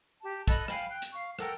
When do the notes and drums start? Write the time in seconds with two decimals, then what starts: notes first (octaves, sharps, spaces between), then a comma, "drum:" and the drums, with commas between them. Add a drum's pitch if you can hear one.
0.22 G4 A5
0.48 A4 D#5 B5 F#6, drum: kick, hi-hat
0.68 F5 G5 G#5 B5, drum: rim click
0.89 G5 F#6
1.02 drum: hi-hat
1.12 F5 C#6
1.39 A4 A#4 F#5 G5, drum: rim click